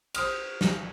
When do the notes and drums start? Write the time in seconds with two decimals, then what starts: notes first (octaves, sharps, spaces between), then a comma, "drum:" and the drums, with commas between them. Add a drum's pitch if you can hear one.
0.14 C5 D#6 F6, drum: cymbal
0.61 drum: snare